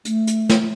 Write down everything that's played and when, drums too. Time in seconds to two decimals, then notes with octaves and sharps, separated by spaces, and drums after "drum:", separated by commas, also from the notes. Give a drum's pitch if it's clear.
0.05 A3, drum: hi-hat
0.27 drum: hi-hat
0.49 drum: snare